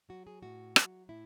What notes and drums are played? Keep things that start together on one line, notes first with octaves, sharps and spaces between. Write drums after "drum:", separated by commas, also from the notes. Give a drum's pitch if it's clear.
F#3 F#4
G#4
A2 F#4
F#3, drum: rim click
A2 E4